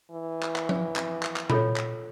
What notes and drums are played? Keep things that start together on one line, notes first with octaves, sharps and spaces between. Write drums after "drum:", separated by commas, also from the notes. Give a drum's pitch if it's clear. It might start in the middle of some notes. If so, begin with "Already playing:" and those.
E3
drum: clap
drum: clap
drum: tom F3
drum: clap
drum: clap
drum: clap
F4 A4 C#5, drum: tom A#2
drum: clap